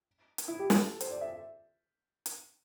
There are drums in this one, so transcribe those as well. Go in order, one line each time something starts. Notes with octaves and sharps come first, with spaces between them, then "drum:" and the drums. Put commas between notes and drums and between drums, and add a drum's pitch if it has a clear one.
drum: hi-hat
E4
G4
A4, drum: snare
C5, drum: hi-hat
D5
E5
drum: hi-hat